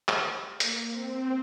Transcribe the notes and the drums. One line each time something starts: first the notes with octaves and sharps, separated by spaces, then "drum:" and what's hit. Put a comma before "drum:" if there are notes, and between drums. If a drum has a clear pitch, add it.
drum: clap
A#3, drum: hi-hat
C4